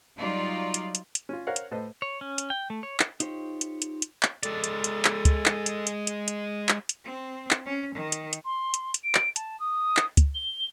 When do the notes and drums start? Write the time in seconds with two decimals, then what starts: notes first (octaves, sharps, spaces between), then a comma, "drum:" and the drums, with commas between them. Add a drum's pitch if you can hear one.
0.17 F#3 G3 D#4 F4 D5
0.74 drum: hi-hat
0.95 drum: hi-hat
1.15 drum: hi-hat
1.29 C#4 F4
1.47 A#4 C5 C#5 F5 F#5
1.56 drum: hi-hat
1.71 A2 A4 B4 C5 D#5
2.02 C#5
2.21 C#4
2.38 drum: hi-hat
2.50 G5
2.70 A3
2.83 C#5
3.00 drum: clap
3.20 D#4 F4 G4 C5 C#5, drum: hi-hat
3.61 drum: hi-hat
3.82 drum: hi-hat
4.02 drum: hi-hat
4.23 drum: clap
4.43 G#3 A4 D5, drum: hi-hat
4.64 drum: hi-hat
4.84 drum: hi-hat
5.05 drum: clap
5.25 drum: kick, hi-hat
5.46 drum: clap
5.66 drum: hi-hat
5.87 drum: hi-hat
6.07 drum: hi-hat
6.28 drum: hi-hat
6.69 drum: clap
6.89 drum: hi-hat
7.05 C4
7.51 drum: clap
7.65 C#4
7.95 D#3
8.12 drum: hi-hat
8.33 drum: hi-hat
8.45 C6
8.74 drum: hi-hat
8.94 drum: hi-hat
9.04 D7
9.15 drum: clap
9.36 A5, drum: hi-hat
9.60 D#6
9.97 drum: clap
10.17 drum: kick, hi-hat
10.35 G7